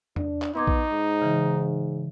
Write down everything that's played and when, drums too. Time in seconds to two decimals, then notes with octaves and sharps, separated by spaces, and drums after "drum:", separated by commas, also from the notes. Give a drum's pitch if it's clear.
0.16 D4, drum: tom E2
0.42 drum: clap
0.55 B3 D#4 C6 D6 G#6
0.67 drum: kick A#1
0.91 G#2
1.22 C#3 E3